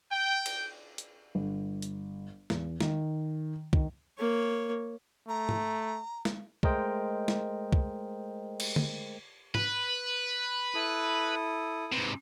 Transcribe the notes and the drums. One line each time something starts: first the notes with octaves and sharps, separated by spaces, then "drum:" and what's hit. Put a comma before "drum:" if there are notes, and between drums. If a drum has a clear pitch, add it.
G5
drum: cymbal
drum: hi-hat
G1
drum: hi-hat
E2, drum: snare
D#3, drum: snare
D#3, drum: kick C2
A#3 C#5
A3 A#5
drum: tom G#2
drum: snare
G#3 A3 A#4 C5 D#5 G5, drum: kick C2
drum: snare
drum: kick C2
drum: cymbal
drum: tom D3
B4, drum: tom G#2
E4 A4 D#6
G#2 C3 B4